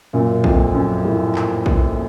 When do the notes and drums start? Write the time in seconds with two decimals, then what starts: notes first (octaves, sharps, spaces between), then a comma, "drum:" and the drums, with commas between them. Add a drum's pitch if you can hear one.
0.13 F#2 A#2
0.44 F2, drum: kick
0.74 F#2
1.05 A2
1.35 drum: clap
1.66 drum: kick